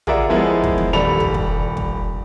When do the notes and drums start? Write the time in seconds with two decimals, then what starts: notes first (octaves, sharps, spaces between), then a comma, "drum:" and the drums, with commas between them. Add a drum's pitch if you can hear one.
0.07 F4 G#4 A#4 D5 E5 F#5, drum: tom
0.29 F3 G#3 B3 E4 G#4 A#4
0.64 drum: kick
0.78 drum: tom D#3
0.93 D#1 G3 A4 B5 F7
1.20 drum: kick
1.34 drum: kick
1.77 drum: kick